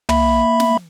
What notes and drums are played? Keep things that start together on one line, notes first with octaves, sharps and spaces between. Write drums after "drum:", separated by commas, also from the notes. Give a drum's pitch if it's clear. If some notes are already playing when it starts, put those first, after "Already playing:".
A#3 E5 B5, drum: tom
drum: snare